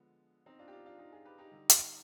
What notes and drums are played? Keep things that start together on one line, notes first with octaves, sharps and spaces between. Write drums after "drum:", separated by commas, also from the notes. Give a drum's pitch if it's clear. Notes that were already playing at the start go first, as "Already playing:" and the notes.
Already playing: D3 F3 G#3 B3
C4 D#4
D4 F4
G4
D4 F4
D4 F4
D#4 G4
F4 G#4
G4 B4
D#4 G4
D3 G3
drum: hi-hat